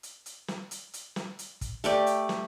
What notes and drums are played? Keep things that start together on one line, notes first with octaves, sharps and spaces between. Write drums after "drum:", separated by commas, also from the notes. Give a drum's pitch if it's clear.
drum: hi-hat
drum: hi-hat
drum: snare
drum: hi-hat
drum: hi-hat
drum: snare
drum: hi-hat
drum: kick, hi-hat
A3 G4 D5, drum: hi-hat
drum: hi-hat
drum: snare